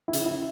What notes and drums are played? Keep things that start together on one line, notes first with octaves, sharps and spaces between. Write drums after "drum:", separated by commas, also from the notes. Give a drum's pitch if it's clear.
E4
C#3, drum: hi-hat
E4